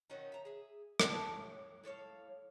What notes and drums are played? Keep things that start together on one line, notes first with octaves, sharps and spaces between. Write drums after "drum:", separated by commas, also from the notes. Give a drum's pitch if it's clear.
D#3 F#3 C#4 D#4
E5 A#5
G#4 E5
C#4 D#4 A4, drum: rim click
E4 A4 C#5 F5